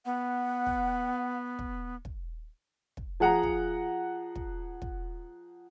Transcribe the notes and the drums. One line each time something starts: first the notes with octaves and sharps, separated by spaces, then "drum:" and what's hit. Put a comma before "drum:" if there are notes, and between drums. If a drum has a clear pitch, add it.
B3 F#5
drum: kick
drum: kick
drum: kick
drum: kick
F3 G#4 F#5 A#5
drum: kick
drum: kick
drum: kick